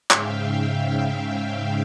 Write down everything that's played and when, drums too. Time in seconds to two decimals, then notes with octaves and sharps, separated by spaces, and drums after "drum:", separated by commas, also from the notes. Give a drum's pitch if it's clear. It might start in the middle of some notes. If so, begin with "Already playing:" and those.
0.11 G#2 C#3 E5 F5 G5, drum: clap